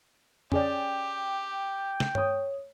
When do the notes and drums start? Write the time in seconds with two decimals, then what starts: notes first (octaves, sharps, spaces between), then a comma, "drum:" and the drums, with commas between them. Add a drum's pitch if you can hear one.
0.52 C#4 G4 G#4 D5 G5, drum: tom F2
2.00 drum: snare
2.15 C#5 D#6, drum: tom G2